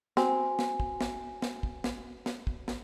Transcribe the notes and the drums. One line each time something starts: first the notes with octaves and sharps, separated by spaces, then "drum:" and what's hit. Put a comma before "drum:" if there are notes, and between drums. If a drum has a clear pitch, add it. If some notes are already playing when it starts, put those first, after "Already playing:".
C4 F#4 G#5, drum: snare
drum: snare
drum: kick
drum: snare
drum: snare
drum: kick
drum: snare
drum: snare
drum: kick
drum: snare